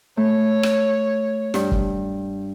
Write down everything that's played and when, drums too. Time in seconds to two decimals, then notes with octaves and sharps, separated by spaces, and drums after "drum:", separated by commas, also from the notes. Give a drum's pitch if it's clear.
0.17 A3 C#5
0.63 drum: rim click
1.54 G2, drum: snare
1.72 drum: kick